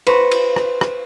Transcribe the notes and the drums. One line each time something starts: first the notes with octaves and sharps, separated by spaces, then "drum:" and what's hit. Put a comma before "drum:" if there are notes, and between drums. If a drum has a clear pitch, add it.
B4 C5 A#5 C#6, drum: cymbal
drum: cymbal
drum: rim click
drum: rim click